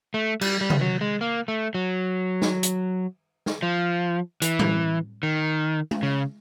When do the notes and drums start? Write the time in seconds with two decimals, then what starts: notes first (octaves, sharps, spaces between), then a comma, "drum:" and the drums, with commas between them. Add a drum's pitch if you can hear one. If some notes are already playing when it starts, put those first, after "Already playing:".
0.14 A3
0.41 G3, drum: cymbal
0.61 G3
0.70 drum: tom C3
0.81 F#3
1.01 G#3
1.21 A#3
1.48 A3
1.75 F#3
2.42 drum: snare
2.63 drum: hi-hat
3.46 drum: snare
3.63 F3
4.42 E3, drum: hi-hat
4.59 drum: tom
5.23 D#3
5.91 drum: tom G#3
6.03 C#3